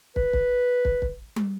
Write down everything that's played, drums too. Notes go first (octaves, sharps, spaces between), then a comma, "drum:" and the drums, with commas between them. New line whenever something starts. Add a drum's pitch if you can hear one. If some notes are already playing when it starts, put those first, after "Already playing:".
B4, drum: kick
drum: kick
drum: kick
drum: kick
drum: tom G3